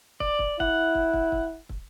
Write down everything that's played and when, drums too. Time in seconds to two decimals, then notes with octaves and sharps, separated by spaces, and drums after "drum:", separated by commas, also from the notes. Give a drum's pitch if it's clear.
0.20 D5, drum: kick
0.39 drum: kick
0.60 E4 F#5, drum: kick
0.95 drum: kick
1.13 drum: kick
1.32 drum: kick
1.69 drum: kick